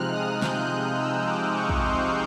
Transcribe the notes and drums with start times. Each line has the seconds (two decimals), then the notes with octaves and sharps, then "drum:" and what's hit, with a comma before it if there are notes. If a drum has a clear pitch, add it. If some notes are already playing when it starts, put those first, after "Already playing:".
Already playing: C3 F3 G#3 C4 D#4 F6 F#6
0.13 D#6
0.42 G6, drum: snare
0.70 F#6
0.99 E6
1.27 D6
1.55 C#6
1.69 drum: kick
1.83 C6